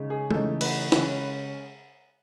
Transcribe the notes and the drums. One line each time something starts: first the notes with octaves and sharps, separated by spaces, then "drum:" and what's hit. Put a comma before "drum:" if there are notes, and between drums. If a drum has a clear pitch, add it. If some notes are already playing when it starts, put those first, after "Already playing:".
Already playing: C#3 G#3 D#4
G#4
C#3 E3 A3 D#4 A4, drum: tom
B4, drum: cymbal
C#3 G#3 C#4, drum: snare